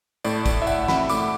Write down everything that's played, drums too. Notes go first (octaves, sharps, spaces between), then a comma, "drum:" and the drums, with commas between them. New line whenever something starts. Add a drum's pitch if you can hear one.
A2 A3 D5, drum: tambourine
drum: kick, tambourine
E5
F#5, drum: tambourine
B5, drum: snare
A2 A3 D6, drum: tambourine